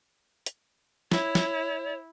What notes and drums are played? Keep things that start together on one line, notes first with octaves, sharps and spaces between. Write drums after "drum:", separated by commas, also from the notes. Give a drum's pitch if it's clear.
drum: hi-hat
E4 C#5, drum: snare
drum: snare